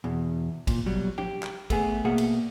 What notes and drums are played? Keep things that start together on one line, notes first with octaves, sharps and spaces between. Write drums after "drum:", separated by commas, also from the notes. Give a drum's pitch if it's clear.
E2 B2
A#2, drum: kick A1, cymbal
B2 F#3 G3
G4, drum: tom F3
drum: clap
A3 B3 G#4, drum: kick A1, cymbal
B2 A#3 G#4 E5 F#5
drum: cymbal